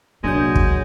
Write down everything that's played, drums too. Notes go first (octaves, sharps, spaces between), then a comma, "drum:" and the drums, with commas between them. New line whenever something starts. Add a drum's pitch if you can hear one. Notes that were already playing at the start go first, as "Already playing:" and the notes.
C2 A#2 F#3 G#3 A#3 D4 G6
drum: kick